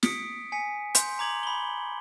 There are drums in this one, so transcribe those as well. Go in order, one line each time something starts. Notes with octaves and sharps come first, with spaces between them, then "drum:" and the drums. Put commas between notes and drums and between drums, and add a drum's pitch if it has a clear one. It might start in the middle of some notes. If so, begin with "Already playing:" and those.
D#6 B6 C#7 D7, drum: snare
G#5 B6 C#7
C6 G6, drum: hi-hat
A#5 D6 G#6 F#7
B5 G7